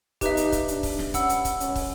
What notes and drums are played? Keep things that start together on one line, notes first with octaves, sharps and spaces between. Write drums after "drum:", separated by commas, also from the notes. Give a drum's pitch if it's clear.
D#4 G4 B4 E5, drum: kick, hi-hat
drum: hi-hat
drum: kick, hi-hat
D4, drum: hi-hat
drum: kick, open hi-hat
drum: snare
C#4 F#5 B5 E6, drum: kick, hi-hat
drum: hi-hat
drum: kick, hi-hat
C#4, drum: hi-hat
drum: kick, open hi-hat